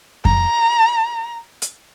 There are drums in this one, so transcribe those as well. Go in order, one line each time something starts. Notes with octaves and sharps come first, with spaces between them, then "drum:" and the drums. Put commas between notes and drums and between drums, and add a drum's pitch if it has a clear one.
A#5, drum: kick F2
drum: hi-hat